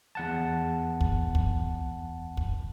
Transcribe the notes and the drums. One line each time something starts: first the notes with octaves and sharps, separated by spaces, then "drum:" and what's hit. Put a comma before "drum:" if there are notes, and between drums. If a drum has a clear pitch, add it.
E2 F#5 A5
drum: kick
drum: kick
drum: kick